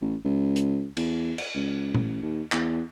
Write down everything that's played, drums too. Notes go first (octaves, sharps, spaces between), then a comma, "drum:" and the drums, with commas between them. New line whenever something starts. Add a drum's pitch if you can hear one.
A1
C#2
drum: hi-hat
E2, drum: cymbal
drum: cymbal
C#2
A1, drum: tom A#2
D#2
E2, drum: clap